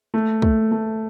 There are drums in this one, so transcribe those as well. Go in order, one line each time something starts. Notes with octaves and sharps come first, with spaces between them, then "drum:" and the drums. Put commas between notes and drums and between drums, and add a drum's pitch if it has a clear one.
A3
A3, drum: kick
A3